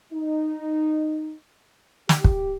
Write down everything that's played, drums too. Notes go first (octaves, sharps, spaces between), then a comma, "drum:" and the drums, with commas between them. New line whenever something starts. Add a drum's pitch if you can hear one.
D#4
G4, drum: snare
drum: kick